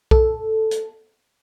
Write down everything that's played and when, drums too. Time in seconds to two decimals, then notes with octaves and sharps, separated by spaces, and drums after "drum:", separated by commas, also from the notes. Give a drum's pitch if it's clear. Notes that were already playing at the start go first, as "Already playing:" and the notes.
0.11 A4, drum: kick B1
0.71 drum: hi-hat